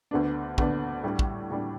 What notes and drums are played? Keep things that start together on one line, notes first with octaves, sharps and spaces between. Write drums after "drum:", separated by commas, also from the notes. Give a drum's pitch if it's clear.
D2 D3 B3 D4
D2 D3 B3 D4, drum: kick
A2 G3 D4
drum: kick
A2 G3 D4